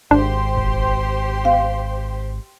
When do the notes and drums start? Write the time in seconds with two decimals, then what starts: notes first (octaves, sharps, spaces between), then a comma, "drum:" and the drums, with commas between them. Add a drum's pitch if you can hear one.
0.11 G#1 D4 G4 C5 C6
0.57 drum: kick F1
1.45 F5, drum: tom B3